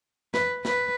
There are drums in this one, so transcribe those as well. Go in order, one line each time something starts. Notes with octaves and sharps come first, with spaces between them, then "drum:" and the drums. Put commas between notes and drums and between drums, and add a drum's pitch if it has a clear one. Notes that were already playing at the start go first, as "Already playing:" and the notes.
B4, drum: snare
B4, drum: snare